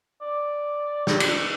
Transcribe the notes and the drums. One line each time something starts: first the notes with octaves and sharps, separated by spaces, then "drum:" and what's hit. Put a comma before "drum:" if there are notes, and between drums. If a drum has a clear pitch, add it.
D5
drum: snare
drum: cymbal